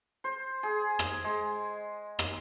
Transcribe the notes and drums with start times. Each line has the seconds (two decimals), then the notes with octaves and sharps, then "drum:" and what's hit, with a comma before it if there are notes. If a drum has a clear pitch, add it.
0.24 C5
0.63 G#4
0.99 drum: rim click
1.24 G#3
2.19 drum: rim click